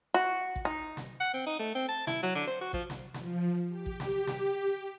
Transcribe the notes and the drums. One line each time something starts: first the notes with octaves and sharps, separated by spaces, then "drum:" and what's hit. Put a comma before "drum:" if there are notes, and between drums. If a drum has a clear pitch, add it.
F#4
drum: kick A1
D#4
drum: snare
F#5
C4
D#4
A3
C4
A5
E4, drum: snare
F#3
D3
C5
F#4
F3, drum: kick A1
drum: snare
F3, drum: snare
G4
drum: kick A1
drum: snare
drum: snare